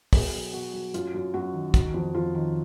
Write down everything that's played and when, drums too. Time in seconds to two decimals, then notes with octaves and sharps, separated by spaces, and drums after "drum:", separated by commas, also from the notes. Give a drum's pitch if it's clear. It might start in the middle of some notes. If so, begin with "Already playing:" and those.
0.13 B2 G#4, drum: kick, open hi-hat
0.34 F#3
0.53 B2 F#4
0.74 F#3
0.94 F#2 F4, drum: hi-hat
1.14 F#2
1.34 F#2 F#4
1.53 D#3
1.74 D#3 F#4, drum: kick, hi-hat
1.94 F2
2.15 F2 F4
2.35 D#3